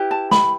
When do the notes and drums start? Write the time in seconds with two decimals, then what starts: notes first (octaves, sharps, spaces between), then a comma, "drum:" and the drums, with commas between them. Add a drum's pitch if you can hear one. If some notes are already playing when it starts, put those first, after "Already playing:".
Already playing: E4 G4 B4
0.11 A5
0.31 B5, drum: snare